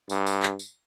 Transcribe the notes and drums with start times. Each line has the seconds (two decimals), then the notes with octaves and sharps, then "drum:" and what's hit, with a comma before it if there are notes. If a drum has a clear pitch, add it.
0.09 G2, drum: tambourine
0.26 drum: tambourine
0.43 drum: clap
0.59 drum: tambourine